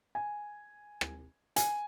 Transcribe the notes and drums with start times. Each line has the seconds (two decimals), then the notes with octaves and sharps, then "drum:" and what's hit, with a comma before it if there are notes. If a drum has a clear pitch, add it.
0.15 G#5
1.01 drum: rim click
1.56 G#5, drum: hi-hat